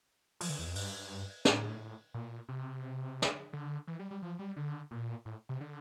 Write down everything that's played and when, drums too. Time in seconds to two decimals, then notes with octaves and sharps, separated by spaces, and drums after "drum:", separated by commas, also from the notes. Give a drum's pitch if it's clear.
0.41 F3, drum: open hi-hat
0.49 D3
0.59 E2
0.67 F2
0.76 G2, drum: open hi-hat
1.45 A2, drum: snare
2.14 A#2
2.48 C3
3.22 drum: snare
3.53 D3
3.87 E3
3.99 G3
4.11 G3
4.22 F3
4.39 G3
4.56 D3
4.91 A#2
5.25 A2
5.49 C3
5.61 D3